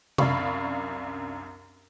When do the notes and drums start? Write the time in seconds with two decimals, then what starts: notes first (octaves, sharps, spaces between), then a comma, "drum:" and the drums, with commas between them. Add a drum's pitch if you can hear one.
0.18 C2 F#2 D4 F5 B5 C#6, drum: tom